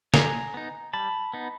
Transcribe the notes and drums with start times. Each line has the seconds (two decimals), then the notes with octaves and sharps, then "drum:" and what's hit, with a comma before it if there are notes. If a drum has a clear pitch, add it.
0.14 G3 G#5 A#5, drum: snare
0.54 B3 D#4
0.93 G3 A5 B5
1.33 B3 D#4